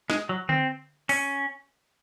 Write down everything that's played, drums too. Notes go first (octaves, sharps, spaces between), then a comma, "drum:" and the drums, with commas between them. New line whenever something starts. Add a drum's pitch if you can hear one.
G#3, drum: snare
F#3
C4, drum: tom D3
C#4, drum: open hi-hat